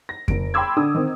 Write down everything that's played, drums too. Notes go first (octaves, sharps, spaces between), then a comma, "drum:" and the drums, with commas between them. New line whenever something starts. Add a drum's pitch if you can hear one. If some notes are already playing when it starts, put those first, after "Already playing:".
A#6
F#1 D7, drum: kick F2
G5 B5 C6 D6 E6 G#6
D3 D4 D#6 E6
D#3 C4